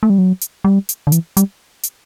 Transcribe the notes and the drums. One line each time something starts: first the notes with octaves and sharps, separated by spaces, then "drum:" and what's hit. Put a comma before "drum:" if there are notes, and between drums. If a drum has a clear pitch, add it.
A3
G3
F#3
drum: hi-hat
G3
drum: hi-hat
D3
E3, drum: hi-hat
G3, drum: hi-hat
drum: hi-hat